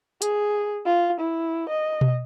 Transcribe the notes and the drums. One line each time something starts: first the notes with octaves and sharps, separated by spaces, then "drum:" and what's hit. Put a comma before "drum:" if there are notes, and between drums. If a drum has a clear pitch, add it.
G#4, drum: hi-hat
F4
E4
D#5
drum: tom B2